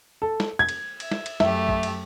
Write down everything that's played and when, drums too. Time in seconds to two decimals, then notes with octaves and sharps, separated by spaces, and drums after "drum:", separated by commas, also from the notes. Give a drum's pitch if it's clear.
0.22 A4
0.40 drum: snare
0.59 G#6
0.69 drum: cymbal
1.00 E5, drum: cymbal
1.12 drum: snare
1.26 drum: cymbal
1.40 F#2 A3 G4 E5, drum: snare
1.69 drum: kick
1.83 drum: cymbal